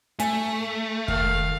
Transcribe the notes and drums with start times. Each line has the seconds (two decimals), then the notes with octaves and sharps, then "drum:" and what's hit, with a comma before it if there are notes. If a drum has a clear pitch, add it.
0.20 A3 G#5, drum: hi-hat
1.08 D#3 F5, drum: kick F1